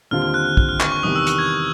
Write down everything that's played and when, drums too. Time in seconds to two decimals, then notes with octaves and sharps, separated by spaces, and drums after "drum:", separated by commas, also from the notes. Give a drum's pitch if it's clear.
0.11 D#2 D3 G3 C4 F4 F6
0.22 F6
0.34 F#6
0.45 F#6
0.57 F6, drum: kick
0.69 F6
0.80 C#6, drum: clap
0.92 C#6
1.03 E2 C3 D#3 G3 D#6
1.16 E6
1.27 F#6, drum: hi-hat
1.38 G#6